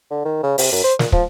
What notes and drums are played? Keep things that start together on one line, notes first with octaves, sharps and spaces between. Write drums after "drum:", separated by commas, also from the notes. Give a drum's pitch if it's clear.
D3
D#3
C#3
C3, drum: open hi-hat
F#2
C5
A#2, drum: snare
F3, drum: kick